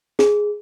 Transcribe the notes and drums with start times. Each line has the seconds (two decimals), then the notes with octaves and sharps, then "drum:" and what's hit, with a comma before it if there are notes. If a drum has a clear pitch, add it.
0.19 G#4, drum: snare